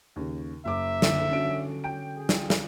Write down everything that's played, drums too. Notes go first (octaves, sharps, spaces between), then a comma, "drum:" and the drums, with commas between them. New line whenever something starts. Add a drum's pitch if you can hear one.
D#2 C#3
F#1 E5 D6
D3, drum: snare
C#4 D4 F#4 D7
G5 D7
G#4
drum: snare
drum: snare